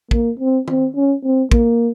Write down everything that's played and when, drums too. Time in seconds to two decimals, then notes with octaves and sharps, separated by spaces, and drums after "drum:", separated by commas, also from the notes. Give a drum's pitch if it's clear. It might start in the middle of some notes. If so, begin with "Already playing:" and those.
0.11 A#3, drum: kick
0.39 C4
0.68 C4, drum: tom
0.95 C#4
1.24 C4
1.52 A#3, drum: kick